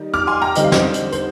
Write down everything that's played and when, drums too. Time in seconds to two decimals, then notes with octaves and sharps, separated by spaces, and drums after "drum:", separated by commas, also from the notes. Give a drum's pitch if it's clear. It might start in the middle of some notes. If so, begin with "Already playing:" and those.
Already playing: D#3 G3 D#4
0.14 D6 F6
0.27 G#5 C6
0.42 G5 A#5
0.55 D3 G3 C4 D#4 D#5, drum: hi-hat
0.64 F5
0.72 C5 D#5, drum: snare
0.94 drum: hi-hat
1.12 C5, drum: hi-hat